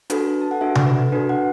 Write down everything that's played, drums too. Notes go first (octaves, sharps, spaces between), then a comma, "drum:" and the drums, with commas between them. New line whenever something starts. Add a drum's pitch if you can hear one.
D4 F#4 A4 B4, drum: hi-hat
A5
F#5
D4 F#4 A4 E5
D5, drum: tom C3
B4
D4 F#4 A4 B4
F#5